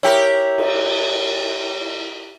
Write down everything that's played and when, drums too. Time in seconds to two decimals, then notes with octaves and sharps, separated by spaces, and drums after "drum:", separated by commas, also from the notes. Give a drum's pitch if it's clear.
0.03 E4 G4 A#4 C#5 G5
0.58 drum: cymbal